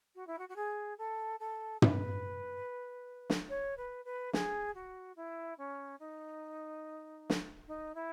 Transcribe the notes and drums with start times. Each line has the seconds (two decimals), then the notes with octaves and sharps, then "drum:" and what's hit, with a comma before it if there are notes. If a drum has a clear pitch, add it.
0.16 F#4
0.27 E4
0.39 F#4
0.49 F#4
0.56 G#4
0.98 A4
1.40 A4
1.82 B4, drum: tom
3.30 drum: snare
3.49 C#5
3.77 B4
4.05 B4
4.33 G#4, drum: snare
4.75 F#4
5.16 E4
5.58 C#4
6.00 D#4
7.30 drum: snare
7.68 D#4
7.95 E4